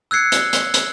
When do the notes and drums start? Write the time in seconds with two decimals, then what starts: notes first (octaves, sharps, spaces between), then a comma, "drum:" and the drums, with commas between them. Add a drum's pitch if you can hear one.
0.11 E6 F#6 G#6 C7 C#7
0.32 drum: hi-hat
0.53 drum: hi-hat
0.74 drum: hi-hat